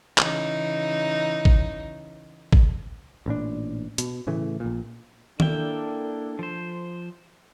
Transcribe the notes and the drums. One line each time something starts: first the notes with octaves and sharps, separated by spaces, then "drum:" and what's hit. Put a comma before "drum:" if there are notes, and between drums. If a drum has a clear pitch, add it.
C#3 E3 D#4, drum: clap
drum: kick G#1
drum: kick G#1
A1 A#2 D4
B2, drum: hi-hat
A2 C#3 E3 A3
A#1 A#2
A#3 D4 E4 A4 G5, drum: tom D#3
F3 C5